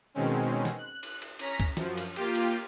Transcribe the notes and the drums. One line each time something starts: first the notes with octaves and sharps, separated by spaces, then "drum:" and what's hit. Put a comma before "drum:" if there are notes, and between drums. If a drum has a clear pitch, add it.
B2 D#3 G#3 C4 C#4
drum: snare
F#6
drum: cymbal
drum: cymbal
C#4 A#5 B6, drum: cymbal
drum: kick, cymbal
F#2 F3, drum: snare
drum: cymbal
A#3 F4 G4, drum: cymbal
drum: cymbal